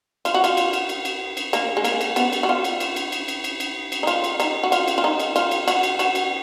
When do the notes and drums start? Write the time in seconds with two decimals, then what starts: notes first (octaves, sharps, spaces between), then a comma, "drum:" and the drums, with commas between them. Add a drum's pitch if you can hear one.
0.25 F4, drum: cymbal
0.34 F#4
0.44 F4, drum: cymbal
0.57 drum: cymbal
0.73 drum: cymbal
0.89 drum: cymbal
1.05 drum: cymbal
1.37 drum: cymbal
1.53 A#3, drum: cymbal
1.77 G#3
1.85 A#3, drum: cymbal
2.01 drum: cymbal
2.16 B3, drum: cymbal
2.33 drum: cymbal
2.43 F#4
2.49 F4
2.64 drum: cymbal
2.80 drum: cymbal
2.96 drum: cymbal
3.12 drum: cymbal
3.28 drum: cymbal
3.44 drum: cymbal
3.60 drum: cymbal
3.92 drum: cymbal
4.03 D#4
4.07 F4, drum: cymbal
4.24 drum: cymbal
4.40 D#4, drum: cymbal
4.64 F#4
4.72 F4, drum: cymbal
4.88 drum: cymbal
4.98 F4
5.04 D#4
5.19 drum: cymbal
5.36 F4, drum: cymbal
5.51 drum: cymbal
5.68 F#4, drum: cymbal
5.83 drum: cymbal
5.99 F#4, drum: cymbal
6.15 drum: cymbal